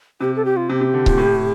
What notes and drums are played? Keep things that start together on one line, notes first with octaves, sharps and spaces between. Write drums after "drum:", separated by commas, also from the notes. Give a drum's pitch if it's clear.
C3 G4
A4
G4
F4
C3 G4
C3
D3
A#2, drum: kick C#1
A2